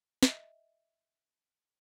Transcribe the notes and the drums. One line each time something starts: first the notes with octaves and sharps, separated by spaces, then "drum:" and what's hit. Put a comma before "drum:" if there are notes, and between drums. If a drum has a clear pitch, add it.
D#5 E5, drum: snare